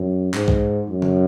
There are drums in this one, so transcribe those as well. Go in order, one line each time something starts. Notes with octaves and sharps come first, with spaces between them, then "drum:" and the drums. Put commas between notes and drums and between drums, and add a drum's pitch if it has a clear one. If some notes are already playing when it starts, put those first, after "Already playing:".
Already playing: F#2
G#2, drum: clap
drum: kick B1
F#2
drum: tom C#3